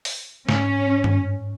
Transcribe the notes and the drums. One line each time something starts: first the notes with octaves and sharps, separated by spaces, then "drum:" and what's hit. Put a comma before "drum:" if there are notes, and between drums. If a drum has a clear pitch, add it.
drum: open hi-hat
G#2 C#4, drum: snare
drum: tom G2